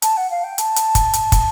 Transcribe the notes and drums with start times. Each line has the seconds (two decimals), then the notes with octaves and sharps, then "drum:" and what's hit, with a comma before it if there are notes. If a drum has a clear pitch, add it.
0.02 A5, drum: hi-hat
0.16 F#5
0.30 F5
0.43 G5
0.58 A5, drum: hi-hat
0.76 drum: hi-hat
0.95 drum: kick, hi-hat
1.13 drum: hi-hat
1.32 drum: kick, hi-hat